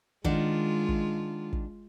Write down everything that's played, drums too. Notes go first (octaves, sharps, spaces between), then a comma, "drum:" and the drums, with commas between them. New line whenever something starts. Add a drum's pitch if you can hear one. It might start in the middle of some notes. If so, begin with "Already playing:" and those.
D#3 G#3 D4 F4 F#5, drum: kick
drum: kick
drum: kick